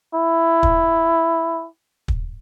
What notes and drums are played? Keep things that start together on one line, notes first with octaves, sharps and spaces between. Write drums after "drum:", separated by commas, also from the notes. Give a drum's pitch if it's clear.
E4
drum: kick
drum: kick